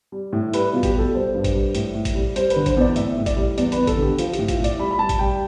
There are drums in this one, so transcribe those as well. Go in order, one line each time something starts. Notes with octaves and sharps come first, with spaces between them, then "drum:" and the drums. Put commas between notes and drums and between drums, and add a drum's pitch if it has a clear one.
G3
A2
G3 B4, drum: hi-hat
B2 F4
G4, drum: kick G#1, hi-hat
G3 A4
G3 C5
G2
drum: kick G#1, hi-hat
G3
A2, drum: hi-hat
A2
drum: kick G#1, hi-hat
G3
G3 C5, drum: hi-hat
B4, drum: hi-hat
D3
C5, drum: kick G#1, hi-hat
E2 D5
A2 E5, drum: hi-hat
A2
D5, drum: kick G#1, hi-hat
G3
E2 D5, drum: hi-hat
B4, drum: hi-hat
E2
A4, drum: kick G#1, hi-hat
D3 G4
F3 F4, drum: hi-hat
G4, drum: hi-hat
A2
F4, drum: kick G#1, hi-hat
A2
D5, drum: hi-hat
G3 B5
B5
G3 A5
drum: kick G#1, hi-hat
G3 G5